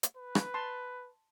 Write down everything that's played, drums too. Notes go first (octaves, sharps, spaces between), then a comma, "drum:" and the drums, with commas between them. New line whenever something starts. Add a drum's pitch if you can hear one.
drum: hi-hat
B4
drum: rim click
A5 C6